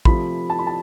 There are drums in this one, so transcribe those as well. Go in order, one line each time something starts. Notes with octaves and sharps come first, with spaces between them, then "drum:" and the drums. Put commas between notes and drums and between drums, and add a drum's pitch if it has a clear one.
C3 F3 A3 B5, drum: kick A1
A5
B5
A5